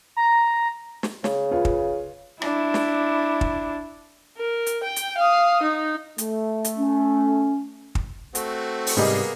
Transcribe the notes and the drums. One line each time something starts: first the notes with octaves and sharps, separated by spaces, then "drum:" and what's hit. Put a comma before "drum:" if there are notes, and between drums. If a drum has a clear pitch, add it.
A#5
drum: snare
C#3, drum: snare
F4 B4 C#5
drum: kick
D4 E4, drum: rim click
drum: snare
drum: kick
A#4
drum: hi-hat
G5
drum: hi-hat
F5 D#6
D#4
A3, drum: hi-hat
drum: hi-hat
C#4
drum: kick
A3 C4 F#4, drum: hi-hat
drum: open hi-hat
G#2 C3 G3 A#3 B3 G#4